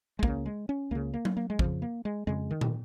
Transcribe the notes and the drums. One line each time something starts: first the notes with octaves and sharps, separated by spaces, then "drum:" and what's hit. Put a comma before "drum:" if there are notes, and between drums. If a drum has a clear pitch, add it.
G#3
C#2 C#3 A#3, drum: kick
G#3
C#4
C#2 C#3 A#3
A#3
drum: tom F#3
A#3
G#3
F2 C#3 F3, drum: kick
A#3
G#3
F2 C#3 G#3
D#3
drum: tom A#2